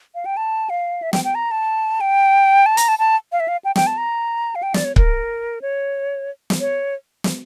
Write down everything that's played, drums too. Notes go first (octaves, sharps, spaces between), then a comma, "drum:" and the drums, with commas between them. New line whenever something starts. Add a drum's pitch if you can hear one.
F5
G5
A5
F5
E5
G5, drum: snare
G5
A#5
A5
G5
A5
A#5, drum: hi-hat
A5
A5
F5
E5
F5
G5
G5, drum: snare
A5
A#5
F5
G5
D5, drum: snare
C#5
A#4, drum: kick C#1
C#5
drum: snare
C#5
drum: snare